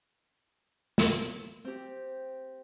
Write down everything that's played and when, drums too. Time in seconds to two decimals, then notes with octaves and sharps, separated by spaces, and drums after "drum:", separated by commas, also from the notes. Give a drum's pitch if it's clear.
0.98 drum: snare
1.65 C4 G4